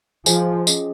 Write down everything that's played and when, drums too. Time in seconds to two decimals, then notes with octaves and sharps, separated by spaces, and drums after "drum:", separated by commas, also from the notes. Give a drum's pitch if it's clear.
0.26 F3 G#4 C5 D#5 G#5, drum: tambourine
0.67 C#4 G#4 D#5, drum: tambourine